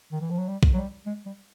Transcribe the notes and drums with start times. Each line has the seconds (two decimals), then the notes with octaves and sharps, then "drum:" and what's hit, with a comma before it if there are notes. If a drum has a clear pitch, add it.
0.12 D#3
0.21 E3
0.30 F3
0.39 F#3
0.48 G3
0.63 drum: kick B1
0.74 F#3
0.77 G3
1.06 G#3
1.26 G3